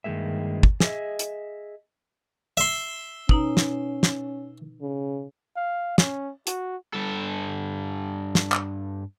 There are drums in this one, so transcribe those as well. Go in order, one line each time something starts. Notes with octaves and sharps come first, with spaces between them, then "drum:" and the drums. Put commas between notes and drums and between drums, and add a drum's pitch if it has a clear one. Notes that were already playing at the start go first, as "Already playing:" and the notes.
G2 D#3 G3 G#3 A#3 E5
drum: kick
G#4 A4 C#5 D#5 E5, drum: snare
drum: hi-hat
E5 C6
B2 C#4 D#4 A#5, drum: kick
drum: snare
drum: snare
C#3
F5
C#4, drum: snare
F#4, drum: hi-hat
G2 A4
drum: snare
drum: clap